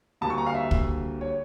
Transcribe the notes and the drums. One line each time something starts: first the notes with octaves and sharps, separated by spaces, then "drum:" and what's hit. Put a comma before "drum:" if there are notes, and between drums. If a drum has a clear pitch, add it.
D2 D3 G3 A#3 A5
C#6
A#5
F5
E5
drum: kick
C#5